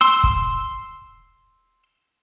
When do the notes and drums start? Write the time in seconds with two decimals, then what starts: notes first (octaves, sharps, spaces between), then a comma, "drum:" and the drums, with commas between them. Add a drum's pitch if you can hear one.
0.01 C6 E6
0.24 drum: kick